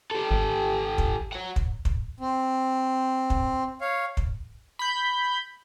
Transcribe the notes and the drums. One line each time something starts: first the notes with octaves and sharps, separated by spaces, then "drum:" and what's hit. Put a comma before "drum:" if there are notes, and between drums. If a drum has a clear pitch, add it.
G4 A4
G#1
drum: kick
C#5 F#5
drum: kick
drum: kick
C4
drum: kick
C#5 F5
drum: kick
B5 G6